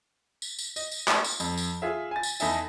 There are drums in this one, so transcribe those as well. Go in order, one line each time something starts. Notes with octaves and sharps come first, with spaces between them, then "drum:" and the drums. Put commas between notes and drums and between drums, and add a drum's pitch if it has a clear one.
drum: tambourine
drum: tambourine
D#5, drum: tambourine
drum: tambourine
drum: clap
drum: tambourine
F2, drum: tambourine
drum: tambourine
F4 G#4 E5
G#5 A6
drum: tambourine
E2 D#4 A4 E5 G#5, drum: tambourine